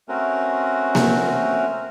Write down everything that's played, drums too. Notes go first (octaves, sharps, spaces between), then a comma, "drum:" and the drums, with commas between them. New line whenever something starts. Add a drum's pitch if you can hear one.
A3 C4 C#4 F#4 A#4
drum: snare A#3